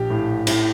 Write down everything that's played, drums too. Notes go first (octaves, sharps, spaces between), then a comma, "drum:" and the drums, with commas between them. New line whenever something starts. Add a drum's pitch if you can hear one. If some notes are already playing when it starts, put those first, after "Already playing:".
Already playing: A#1 G4
A2
A2, drum: cymbal